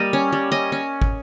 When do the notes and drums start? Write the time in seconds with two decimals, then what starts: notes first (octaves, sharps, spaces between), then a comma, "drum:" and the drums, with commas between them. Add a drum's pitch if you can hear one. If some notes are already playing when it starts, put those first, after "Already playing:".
Already playing: G3 A#3 D#5
0.13 C#4
0.33 G3
0.52 C#4 D#5
0.72 C#4
1.02 drum: kick